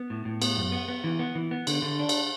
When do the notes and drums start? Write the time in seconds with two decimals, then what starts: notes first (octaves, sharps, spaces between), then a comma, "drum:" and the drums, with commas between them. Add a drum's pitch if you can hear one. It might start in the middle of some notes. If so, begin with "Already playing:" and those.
Already playing: B3
0.10 A2
0.25 A2
0.42 B3, drum: cymbal
0.57 F#2
0.72 B3
0.88 B3
1.04 E3
1.19 B3
1.35 E3
1.51 B3
1.67 D3, drum: cymbal
1.82 D3
1.99 D4
2.09 drum: cymbal